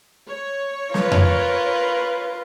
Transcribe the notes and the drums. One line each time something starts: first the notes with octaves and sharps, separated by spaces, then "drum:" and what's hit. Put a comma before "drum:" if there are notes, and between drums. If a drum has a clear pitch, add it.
C#5
F4 A#4 B4, drum: snare
drum: tom F2